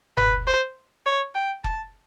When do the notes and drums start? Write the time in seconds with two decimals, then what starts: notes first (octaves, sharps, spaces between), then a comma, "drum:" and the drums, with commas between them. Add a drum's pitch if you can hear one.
0.17 B4, drum: tom F#1
0.47 C5
1.06 C#5
1.35 G5
1.64 A5, drum: kick F1